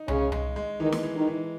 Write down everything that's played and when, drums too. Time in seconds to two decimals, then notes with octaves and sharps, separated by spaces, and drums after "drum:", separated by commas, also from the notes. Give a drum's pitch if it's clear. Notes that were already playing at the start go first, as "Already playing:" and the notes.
Already playing: D#4
0.08 C#3 G#3 C#4, drum: tom C2
0.32 G#3, drum: tom C2
0.56 G#3
0.79 D#3 E3 D#4
0.92 drum: snare
1.03 E3
1.15 D#3 D#4
1.27 E3